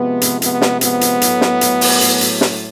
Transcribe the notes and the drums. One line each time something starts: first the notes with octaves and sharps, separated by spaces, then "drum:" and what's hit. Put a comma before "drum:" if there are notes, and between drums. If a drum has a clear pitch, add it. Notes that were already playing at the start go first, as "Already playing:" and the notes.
Already playing: C3 F3 G#3 B3
drum: hi-hat
B3, drum: hi-hat
drum: snare
B3, drum: hi-hat
drum: hi-hat
A2 F#3 A3, drum: hi-hat
drum: snare
drum: hi-hat
drum: open hi-hat
drum: hi-hat
drum: hi-hat
drum: snare